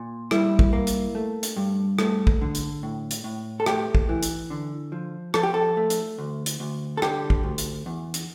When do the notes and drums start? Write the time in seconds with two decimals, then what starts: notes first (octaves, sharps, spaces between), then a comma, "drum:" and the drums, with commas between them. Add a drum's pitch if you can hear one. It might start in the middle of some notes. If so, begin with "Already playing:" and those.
Already playing: A#2
0.31 G3 E4, drum: rim click
0.59 drum: kick
0.73 A#3
0.87 drum: hi-hat
1.15 A3
1.43 drum: hi-hat
1.56 G2
1.99 A3, drum: rim click
2.27 drum: kick
2.41 D3
2.55 drum: hi-hat
2.83 A2
3.11 drum: hi-hat
3.24 A2
3.60 A4
3.66 A3 G4, drum: rim click
3.95 drum: kick
4.09 E3
4.23 drum: hi-hat
4.50 D3
4.92 F3
5.34 F3 A4, drum: rim click
5.43 G4
5.54 A4
5.77 A3
5.90 drum: hi-hat
6.18 D2
6.46 drum: hi-hat
6.60 D2
6.97 A4
7.02 D3 G4, drum: rim click
7.30 drum: kick
7.43 D2
7.58 drum: hi-hat
7.86 E2
8.14 drum: hi-hat